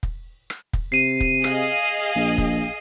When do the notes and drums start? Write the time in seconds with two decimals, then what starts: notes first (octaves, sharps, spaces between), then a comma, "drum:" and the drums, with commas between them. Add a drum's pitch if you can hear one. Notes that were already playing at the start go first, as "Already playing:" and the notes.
0.03 drum: kick
0.50 drum: rim click
0.73 drum: kick
0.92 C3 C7 D#7
1.20 drum: kick
1.44 G#4 D#5 F5, drum: rim click
2.15 A#1
2.38 drum: kick